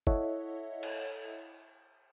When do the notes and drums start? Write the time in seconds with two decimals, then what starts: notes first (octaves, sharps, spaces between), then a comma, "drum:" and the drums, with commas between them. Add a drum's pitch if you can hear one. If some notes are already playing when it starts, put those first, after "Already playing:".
0.07 E4 A4 C#5 D#5 E5 F#5, drum: kick
0.83 drum: cymbal